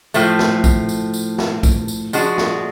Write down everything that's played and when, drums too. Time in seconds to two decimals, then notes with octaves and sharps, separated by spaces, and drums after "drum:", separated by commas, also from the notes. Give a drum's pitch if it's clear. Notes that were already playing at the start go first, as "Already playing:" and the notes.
0.14 A2 F3 A3, drum: tambourine
0.39 drum: snare
0.64 drum: kick A#1, tambourine
0.89 drum: tambourine
1.14 drum: tambourine
1.38 drum: snare
1.63 drum: kick A#1, tambourine
1.88 drum: tambourine
2.13 F3 G#3 D4 F#4, drum: tambourine
2.38 drum: snare